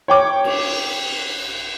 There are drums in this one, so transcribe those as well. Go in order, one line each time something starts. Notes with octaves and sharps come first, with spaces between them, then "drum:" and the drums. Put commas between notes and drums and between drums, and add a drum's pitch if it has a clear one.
C#5 G5 D6
drum: cymbal